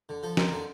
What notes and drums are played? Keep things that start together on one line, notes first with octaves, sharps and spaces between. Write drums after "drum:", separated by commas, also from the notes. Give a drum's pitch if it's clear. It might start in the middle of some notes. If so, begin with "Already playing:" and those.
D3
F3 A4
C4 A#4, drum: snare
D3 D4